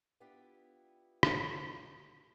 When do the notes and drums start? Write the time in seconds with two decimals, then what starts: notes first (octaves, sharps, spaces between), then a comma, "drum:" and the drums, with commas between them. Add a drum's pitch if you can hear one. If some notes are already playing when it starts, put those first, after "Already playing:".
0.20 B3 D4 E4 F4 G4
1.23 drum: rim click